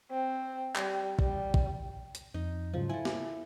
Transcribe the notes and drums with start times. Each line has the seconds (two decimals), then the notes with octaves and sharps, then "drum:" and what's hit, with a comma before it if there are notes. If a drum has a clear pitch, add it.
0.12 C4
0.76 G3, drum: clap
1.19 G3, drum: kick A#1
1.54 drum: kick A#1
2.15 drum: hi-hat
2.34 F2 D#4
2.74 G#2 C#3 F3 F#3
2.90 E4 A4 G#5
3.05 drum: snare